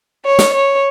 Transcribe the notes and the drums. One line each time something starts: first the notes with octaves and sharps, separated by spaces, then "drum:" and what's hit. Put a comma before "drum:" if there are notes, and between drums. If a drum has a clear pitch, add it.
C#5
drum: snare
C#5